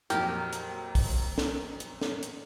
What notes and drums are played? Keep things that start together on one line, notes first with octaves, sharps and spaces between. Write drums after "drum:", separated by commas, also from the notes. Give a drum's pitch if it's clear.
F2 A#2 F#3 G4 A#4, drum: hi-hat
drum: hi-hat
drum: kick, open hi-hat
drum: snare
drum: hi-hat
drum: snare
drum: hi-hat